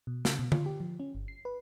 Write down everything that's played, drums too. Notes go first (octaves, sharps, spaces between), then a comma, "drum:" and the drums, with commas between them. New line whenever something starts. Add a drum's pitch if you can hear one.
B2
C#3, drum: snare
B2
F4, drum: tom D3
G4
F3
C#4
G1
C7
B4